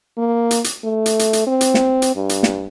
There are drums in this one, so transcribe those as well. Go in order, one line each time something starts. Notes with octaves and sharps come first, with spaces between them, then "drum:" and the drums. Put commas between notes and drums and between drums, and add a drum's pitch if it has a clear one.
A#3
drum: hi-hat
drum: hi-hat
A3
drum: hi-hat
drum: hi-hat
drum: hi-hat
C4
drum: hi-hat
drum: snare
drum: hi-hat
G2
drum: hi-hat
drum: snare